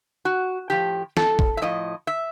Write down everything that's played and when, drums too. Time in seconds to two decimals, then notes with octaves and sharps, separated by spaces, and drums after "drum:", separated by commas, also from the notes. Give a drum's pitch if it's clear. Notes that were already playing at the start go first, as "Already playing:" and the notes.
0.25 F#4
0.70 A2 F3 G4
1.17 A4, drum: snare
1.39 drum: kick
1.57 E5
1.62 A2 F3 D#5
2.07 E5